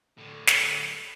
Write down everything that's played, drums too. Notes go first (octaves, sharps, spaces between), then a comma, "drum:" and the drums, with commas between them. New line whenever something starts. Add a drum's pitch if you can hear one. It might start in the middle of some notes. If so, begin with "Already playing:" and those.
A2 D3
drum: snare